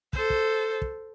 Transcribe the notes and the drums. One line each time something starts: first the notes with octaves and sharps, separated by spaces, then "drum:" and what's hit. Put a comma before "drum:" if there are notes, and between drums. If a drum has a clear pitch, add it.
A4 C5, drum: kick
drum: kick
drum: kick